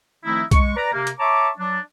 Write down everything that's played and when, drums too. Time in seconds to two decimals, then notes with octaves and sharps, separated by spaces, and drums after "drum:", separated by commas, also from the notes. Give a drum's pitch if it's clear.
0.25 D#3 F3 A3 C4 D#4 E4
0.51 G#3 C#6, drum: kick B1, hi-hat
0.77 B4 D5 A#5
0.93 C3 A#3
1.07 drum: hi-hat
1.19 C#5 E5 A5 A#5 C#6 D6
1.58 F#3 D4